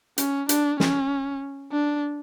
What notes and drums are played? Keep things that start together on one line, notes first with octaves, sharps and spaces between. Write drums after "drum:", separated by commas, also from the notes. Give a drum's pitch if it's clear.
C#4, drum: hi-hat
D4, drum: hi-hat
C#4, drum: snare
D4